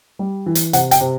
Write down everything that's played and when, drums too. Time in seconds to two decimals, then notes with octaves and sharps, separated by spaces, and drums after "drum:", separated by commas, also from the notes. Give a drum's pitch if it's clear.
0.19 G3
0.46 E3
0.55 drum: hi-hat
0.73 C3 F#5, drum: hi-hat
0.91 G5, drum: hi-hat
1.01 C3